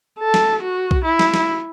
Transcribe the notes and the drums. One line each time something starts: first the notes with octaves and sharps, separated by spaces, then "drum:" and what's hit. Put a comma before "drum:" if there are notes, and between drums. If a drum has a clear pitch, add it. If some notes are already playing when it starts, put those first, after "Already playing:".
A4
drum: snare
F#4
drum: kick B1
E4
drum: snare
drum: snare